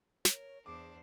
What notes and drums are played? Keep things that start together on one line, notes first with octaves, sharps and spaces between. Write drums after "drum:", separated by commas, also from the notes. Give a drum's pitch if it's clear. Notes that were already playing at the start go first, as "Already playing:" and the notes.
A#4 C#5, drum: snare
E2 D4 G#4 C5 D6